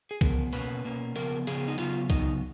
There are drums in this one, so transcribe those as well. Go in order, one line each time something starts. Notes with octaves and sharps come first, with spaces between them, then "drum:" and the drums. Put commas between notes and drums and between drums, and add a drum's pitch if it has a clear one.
G#4
C#3 F3 B3 A#4, drum: kick
B2 A#3 C#4 B4, drum: hi-hat
B2 A#3 C#4
C#3 F3 B3 A#4, drum: hi-hat
C#3 F3 B3 G#4, drum: hi-hat
D#4
C#3 F#3 B3 F4, drum: hi-hat
C#3 F#3 B3 D#4, drum: kick, hi-hat